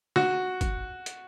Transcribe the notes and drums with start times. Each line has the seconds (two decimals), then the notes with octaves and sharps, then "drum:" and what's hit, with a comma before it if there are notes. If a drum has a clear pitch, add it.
0.16 F#4, drum: snare
0.61 drum: kick, hi-hat
1.06 drum: hi-hat